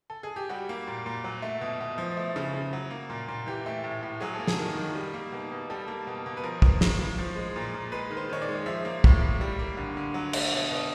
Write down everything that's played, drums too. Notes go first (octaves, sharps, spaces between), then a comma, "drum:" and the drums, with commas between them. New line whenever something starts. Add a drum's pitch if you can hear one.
A4
G#4
G4
G3 F#4
A#3
A#2
A#2
F#3
A3
B2
B2
F3
A3
C#3
C#3
F#3
A#3
A#2
A#2
E3 G4
A3
A2
A2
F#3 G#4
A#3 A4
G#4, drum: snare
D#3
D#3
G3
A#3
B2
B2
G3 A4
A#3
B2
B2
B4
F3 A#4
A#3, drum: kick
A2, drum: snare
A2
F3
G#3
A#2
A#2
G#3 B4
D#3
C5
D#3 C#5
D5
G#3
F3 E5
A#3
A2, drum: kick
A2
G3
A#3
D3
D3
F#3
A3, drum: cymbal
B2
B2